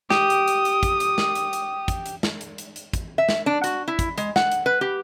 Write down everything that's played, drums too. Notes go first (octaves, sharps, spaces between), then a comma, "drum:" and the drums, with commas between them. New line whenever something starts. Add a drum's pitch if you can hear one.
G4 D#6, drum: snare
drum: hi-hat
drum: hi-hat
drum: hi-hat
drum: kick, hi-hat
drum: hi-hat
drum: snare
drum: hi-hat
drum: hi-hat
drum: kick, hi-hat
drum: hi-hat
drum: snare
drum: hi-hat
drum: hi-hat
drum: hi-hat
drum: kick, hi-hat
E5
drum: snare
D4
F#4, drum: hi-hat
E4
drum: kick, hi-hat
G#3, drum: hi-hat
F#5, drum: snare
drum: hi-hat
B4
G4